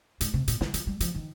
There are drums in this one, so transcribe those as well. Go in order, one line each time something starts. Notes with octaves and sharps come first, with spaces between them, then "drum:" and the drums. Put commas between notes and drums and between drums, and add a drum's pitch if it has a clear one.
G#2, drum: hi-hat
C3
A#2, drum: hi-hat
D#3, drum: snare
F3, drum: hi-hat
G3
F3, drum: hi-hat
D#3